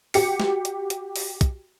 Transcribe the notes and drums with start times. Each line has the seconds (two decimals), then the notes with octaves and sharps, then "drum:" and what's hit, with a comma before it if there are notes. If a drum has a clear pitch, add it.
0.14 F#4 G4 C#7, drum: open hi-hat
0.40 drum: snare
0.65 drum: hi-hat
0.90 drum: hi-hat
1.16 drum: open hi-hat
1.41 drum: kick, hi-hat